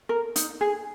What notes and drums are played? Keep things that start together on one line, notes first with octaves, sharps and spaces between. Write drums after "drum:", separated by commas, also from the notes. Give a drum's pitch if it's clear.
A#4
D#4, drum: hi-hat
G#4